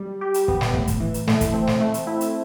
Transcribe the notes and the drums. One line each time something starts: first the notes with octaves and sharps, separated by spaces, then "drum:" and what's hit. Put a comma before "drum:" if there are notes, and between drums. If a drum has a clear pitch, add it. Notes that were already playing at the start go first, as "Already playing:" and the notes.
Already playing: G3
G4
drum: hi-hat
B3, drum: kick
drum: snare
A2, drum: kick
drum: kick, hi-hat
E3
drum: hi-hat
A3, drum: snare
drum: kick, hi-hat
C4
drum: snare
A3
drum: hi-hat
E4
drum: hi-hat